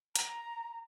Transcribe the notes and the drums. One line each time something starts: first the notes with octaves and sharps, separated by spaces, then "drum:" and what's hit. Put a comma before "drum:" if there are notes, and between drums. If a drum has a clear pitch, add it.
A#5, drum: hi-hat